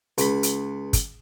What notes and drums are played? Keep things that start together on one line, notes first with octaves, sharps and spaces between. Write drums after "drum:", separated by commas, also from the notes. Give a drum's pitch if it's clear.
C#2 B5, drum: hi-hat
drum: hi-hat
drum: kick, hi-hat